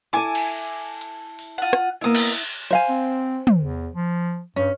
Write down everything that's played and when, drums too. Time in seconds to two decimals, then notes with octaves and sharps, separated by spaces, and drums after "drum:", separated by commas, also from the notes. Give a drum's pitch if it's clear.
0.13 E4 A4 G#5 D6
0.35 drum: cymbal
1.01 drum: hi-hat
1.39 drum: open hi-hat
1.58 F4 F#5
1.73 drum: rim click
2.01 A#3 B3 E4 D#5 D#6
2.15 drum: cymbal
2.71 C5 F5 G#5
2.89 C4
3.47 drum: tom
3.59 E2
3.94 F3
4.56 G2 C#4